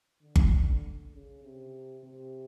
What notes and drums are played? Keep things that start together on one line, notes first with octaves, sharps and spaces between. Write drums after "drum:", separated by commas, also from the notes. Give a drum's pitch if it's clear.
D3
drum: kick G1
C#3
C3
C3